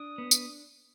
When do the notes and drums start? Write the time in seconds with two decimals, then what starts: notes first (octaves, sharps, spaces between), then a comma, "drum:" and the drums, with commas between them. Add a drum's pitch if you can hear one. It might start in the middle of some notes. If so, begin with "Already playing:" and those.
Already playing: D4 D#6
0.18 B3
0.31 drum: tambourine